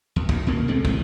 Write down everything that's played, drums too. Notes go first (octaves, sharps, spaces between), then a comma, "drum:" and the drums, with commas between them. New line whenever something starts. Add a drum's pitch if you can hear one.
D#2
D2, drum: kick
D#2 B2 A#3
C3 G#3 A3 C4
A#1 E3, drum: kick